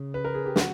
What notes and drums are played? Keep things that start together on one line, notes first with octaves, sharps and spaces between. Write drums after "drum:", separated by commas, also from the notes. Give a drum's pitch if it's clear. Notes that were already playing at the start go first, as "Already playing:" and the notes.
Already playing: C#3
B4
A#4
G#4
G4
F#4, drum: snare